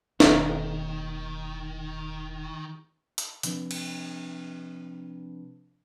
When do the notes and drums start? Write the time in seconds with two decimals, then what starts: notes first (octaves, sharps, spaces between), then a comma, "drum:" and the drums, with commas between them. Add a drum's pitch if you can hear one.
0.20 E1 D#2 D#3 C4, drum: snare
3.18 drum: hi-hat
3.43 C3 F3 C4 D4 B4, drum: hi-hat
3.71 drum: cymbal